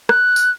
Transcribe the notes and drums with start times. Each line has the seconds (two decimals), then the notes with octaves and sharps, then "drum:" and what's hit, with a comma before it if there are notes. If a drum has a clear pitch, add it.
0.09 F#6, drum: rim click
0.36 drum: tambourine